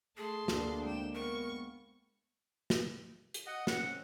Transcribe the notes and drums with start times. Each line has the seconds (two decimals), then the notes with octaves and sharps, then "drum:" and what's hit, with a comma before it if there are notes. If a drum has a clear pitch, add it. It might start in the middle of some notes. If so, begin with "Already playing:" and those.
0.17 A3 G#4 A5 C6
0.48 D2 A#3 D4, drum: snare
0.85 G#3 C4 G5 E7
1.15 B3 A#4 C#6
2.70 drum: snare
3.34 drum: hi-hat
3.47 D#5 F#5
3.67 D#3 C4 C#4 F#5, drum: snare